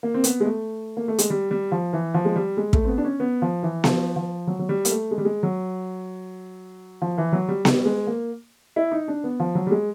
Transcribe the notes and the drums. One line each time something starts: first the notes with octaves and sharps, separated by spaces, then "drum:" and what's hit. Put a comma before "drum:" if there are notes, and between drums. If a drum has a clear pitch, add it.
A#3
C4
B3, drum: hi-hat
G#3
A3
A#3
A3
G#3, drum: hi-hat
G3
G3
F3
E3
F3
G#3
G3
G#3
A3, drum: kick
C4
B3
D4
C#4
B3
F3
E3
F3, drum: snare B3
F3
F#3
F#3
G3
A#3, drum: hi-hat
A3
G#3
G3
G#3
F#3
F3
E3
F#3
G3
G3, drum: snare B3
G#3
A#3
E4
D#4
D4
B3
F3
F#3
G3
G#3